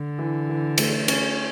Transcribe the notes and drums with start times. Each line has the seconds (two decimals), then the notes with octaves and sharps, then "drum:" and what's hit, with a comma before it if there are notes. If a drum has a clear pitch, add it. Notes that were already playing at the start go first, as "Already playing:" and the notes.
Already playing: D3
0.19 E3
0.49 E3
0.78 A3, drum: cymbal
1.08 C#4, drum: cymbal